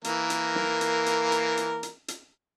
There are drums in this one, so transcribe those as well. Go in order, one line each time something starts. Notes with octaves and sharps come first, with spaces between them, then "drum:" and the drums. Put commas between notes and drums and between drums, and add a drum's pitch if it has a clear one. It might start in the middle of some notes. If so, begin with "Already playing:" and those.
E3 A#3 A#4, drum: hi-hat
drum: hi-hat
drum: snare
drum: hi-hat
drum: hi-hat
drum: hi-hat
drum: hi-hat
drum: hi-hat
drum: hi-hat